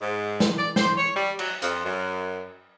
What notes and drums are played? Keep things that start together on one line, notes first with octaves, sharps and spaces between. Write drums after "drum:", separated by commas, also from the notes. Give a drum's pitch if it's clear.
G#2
drum: snare
D5
C5, drum: snare
C#5
G3
F#3, drum: cymbal
F2, drum: hi-hat
F#2